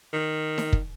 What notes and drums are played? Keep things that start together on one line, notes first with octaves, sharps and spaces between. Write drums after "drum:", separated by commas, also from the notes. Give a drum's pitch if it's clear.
D#3
drum: snare D#4
drum: kick